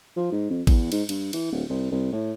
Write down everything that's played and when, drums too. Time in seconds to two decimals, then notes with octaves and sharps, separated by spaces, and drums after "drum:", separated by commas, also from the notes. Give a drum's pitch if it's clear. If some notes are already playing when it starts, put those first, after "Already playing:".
0.16 F3
0.32 G#2
0.50 F2
0.67 E2, drum: kick G#1, cymbal
0.92 G#2, drum: cymbal
1.09 G2, drum: cymbal
1.33 E3, drum: cymbal
1.52 D1
1.69 C2
1.92 C2
2.12 A2